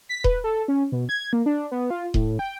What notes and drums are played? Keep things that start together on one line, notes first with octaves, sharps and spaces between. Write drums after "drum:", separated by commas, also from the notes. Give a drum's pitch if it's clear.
B6
B4, drum: kick D#1
A4
C#4
B2
G#6
A#3
D4
B3
F4
A2, drum: kick D#1
G5